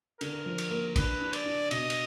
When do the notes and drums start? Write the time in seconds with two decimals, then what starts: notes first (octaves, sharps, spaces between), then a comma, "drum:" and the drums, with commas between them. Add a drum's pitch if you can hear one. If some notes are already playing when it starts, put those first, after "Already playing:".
0.21 D3 A#4, drum: cymbal
0.46 F3
0.58 drum: cymbal
0.71 A#3
0.96 D4 B4, drum: kick, cymbal
1.21 D4
1.33 D5, drum: cymbal
1.46 D4
1.71 B2 D#5, drum: cymbal
1.90 drum: cymbal